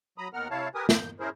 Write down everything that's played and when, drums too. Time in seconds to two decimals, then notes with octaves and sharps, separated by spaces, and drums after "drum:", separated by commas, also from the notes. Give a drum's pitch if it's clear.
0.18 F#3 A#5 B5 D#6
0.34 D#2 D#3 B3 A#4 F#5 F6
0.51 C3 E4 C#5 F5 A5
0.75 G4 A#4 B4 G#5 D#6
0.89 D#2 G6, drum: snare
1.20 C#4 E4 G#4 A#4 C5